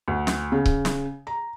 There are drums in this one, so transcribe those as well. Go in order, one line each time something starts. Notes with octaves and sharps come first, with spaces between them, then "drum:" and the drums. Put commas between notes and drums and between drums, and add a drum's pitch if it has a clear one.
D2
drum: snare
C#3
drum: kick C#1
drum: snare
A#5